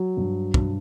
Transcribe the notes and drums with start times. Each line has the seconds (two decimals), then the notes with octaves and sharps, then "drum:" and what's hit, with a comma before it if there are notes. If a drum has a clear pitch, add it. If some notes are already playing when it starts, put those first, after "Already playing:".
Already playing: F#3
0.17 G2
0.54 G2, drum: kick